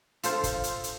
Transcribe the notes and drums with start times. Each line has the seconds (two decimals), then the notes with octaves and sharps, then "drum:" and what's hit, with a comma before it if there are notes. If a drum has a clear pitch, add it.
0.23 F4 A4 C5, drum: hi-hat
0.43 drum: kick, hi-hat
0.64 drum: hi-hat
0.84 drum: hi-hat